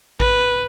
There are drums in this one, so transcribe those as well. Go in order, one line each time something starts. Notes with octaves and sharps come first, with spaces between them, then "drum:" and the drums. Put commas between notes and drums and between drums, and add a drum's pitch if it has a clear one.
B4, drum: kick A1